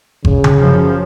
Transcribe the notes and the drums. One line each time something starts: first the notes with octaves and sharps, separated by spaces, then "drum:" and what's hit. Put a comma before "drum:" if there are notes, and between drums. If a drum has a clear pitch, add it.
C#3, drum: kick G1
drum: tom C#3
F#2 F3